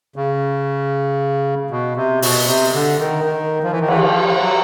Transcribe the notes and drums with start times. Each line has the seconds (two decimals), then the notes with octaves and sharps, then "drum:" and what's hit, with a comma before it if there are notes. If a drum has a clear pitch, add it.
0.16 C#3
1.71 B2
1.96 C3
2.22 B2, drum: open hi-hat
2.47 C3
2.74 D3
2.99 D#3
3.24 D#3
3.63 F3
3.71 E3
3.80 D#3
3.88 E3, drum: cymbal
4.01 F3
4.41 F#3